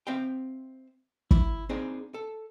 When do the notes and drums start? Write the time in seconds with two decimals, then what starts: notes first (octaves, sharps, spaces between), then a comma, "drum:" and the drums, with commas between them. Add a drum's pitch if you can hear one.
0.07 C4 E5 F5 G5
1.31 E4, drum: kick
1.69 A#3 C4 D4 D#4 G#4 C5
2.14 A4